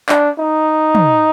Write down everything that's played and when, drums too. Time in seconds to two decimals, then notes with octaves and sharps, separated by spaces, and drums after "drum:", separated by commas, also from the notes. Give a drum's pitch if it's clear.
0.09 D4, drum: clap
0.39 D#4
0.95 drum: tom